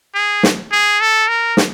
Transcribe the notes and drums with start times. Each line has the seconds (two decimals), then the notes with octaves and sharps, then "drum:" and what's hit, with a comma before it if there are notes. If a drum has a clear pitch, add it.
0.15 G#4
0.43 drum: snare
0.72 G#4
1.01 A4
1.28 A#4
1.57 drum: snare